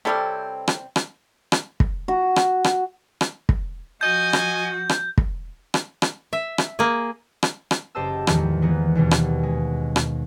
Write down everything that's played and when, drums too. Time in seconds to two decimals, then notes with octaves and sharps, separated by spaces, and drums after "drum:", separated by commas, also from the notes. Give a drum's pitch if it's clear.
0.05 C3 G3 C4 E4 A4 C#5
0.68 drum: rim click
0.96 drum: rim click
1.52 drum: rim click
1.80 drum: kick
2.08 F#4
2.36 drum: rim click
2.64 drum: rim click
3.21 drum: rim click
3.49 drum: kick
4.01 F3 F#4 D#5 G#5 G6
4.33 drum: rim click
4.89 drum: rim click
5.18 drum: kick
5.74 drum: rim click
6.02 drum: rim click
6.33 E5
6.58 drum: rim click
6.79 A#3 G#4
7.43 drum: rim click
7.71 drum: rim click
7.95 F#1 G4 C5 D#5 A5 E6
8.27 E2 A2 D#3 F3 G#3, drum: rim click
8.62 E3 G#3 A#3 B3
8.95 D#2 B2 G3
9.11 drum: rim click
9.43 G#3
9.96 drum: rim click